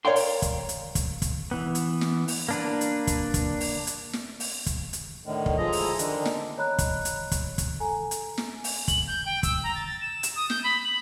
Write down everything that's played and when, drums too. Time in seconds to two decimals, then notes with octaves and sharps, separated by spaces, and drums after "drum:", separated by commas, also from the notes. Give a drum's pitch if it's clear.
0.05 A#4 C#5 D5 F5 G5 C6
0.16 drum: open hi-hat
0.42 drum: kick, hi-hat
0.69 drum: hi-hat
0.95 drum: kick, hi-hat
1.22 drum: kick, hi-hat
1.51 E3 B3
1.75 drum: hi-hat
2.01 drum: snare
2.28 drum: open hi-hat
2.49 A#3 D4 B4
2.81 drum: hi-hat
3.07 drum: kick, hi-hat
3.34 drum: kick, hi-hat
3.60 drum: open hi-hat
3.87 drum: hi-hat
4.13 drum: snare
4.40 drum: open hi-hat
4.66 drum: kick, hi-hat
4.93 drum: hi-hat
5.25 A2 D3 D#3
5.46 drum: kick
5.58 F3 G#3 E4 A4 D#5 A#5
5.72 drum: open hi-hat
5.99 D3 D#3 D4, drum: hi-hat
6.25 drum: snare
6.58 C#5 D#5 A#5 B5 F#6
6.78 drum: kick, hi-hat
7.05 drum: hi-hat
7.32 drum: kick, hi-hat
7.58 drum: kick, hi-hat
7.80 A4 G#5 A#5
8.11 drum: hi-hat
8.38 drum: snare
8.64 drum: open hi-hat
8.88 F#7, drum: kick, hi-hat
9.07 G6
9.26 G5
9.43 E6, drum: kick, hi-hat
9.63 A#5
9.75 A6
10.01 E7
10.23 drum: hi-hat
10.36 D#6
10.50 G6, drum: snare
10.64 B5
10.84 F#7